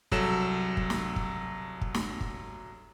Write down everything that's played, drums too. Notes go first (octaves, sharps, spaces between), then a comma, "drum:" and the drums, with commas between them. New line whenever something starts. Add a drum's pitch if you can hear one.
C2 F#3 A4 E7, drum: kick
drum: kick
drum: snare
drum: kick
drum: kick
drum: snare
drum: kick